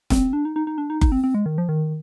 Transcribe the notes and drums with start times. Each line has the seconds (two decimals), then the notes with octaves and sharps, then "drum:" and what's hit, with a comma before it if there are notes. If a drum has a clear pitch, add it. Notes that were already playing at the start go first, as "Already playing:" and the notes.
0.10 C4, drum: snare
0.33 D4
0.45 D#4
0.56 D#4
0.67 D#4
0.78 D4
0.90 D#4
1.01 D#4, drum: kick F#1
1.12 C4
1.24 C4
1.34 G#3
1.46 D#3
1.58 F3
1.69 D#3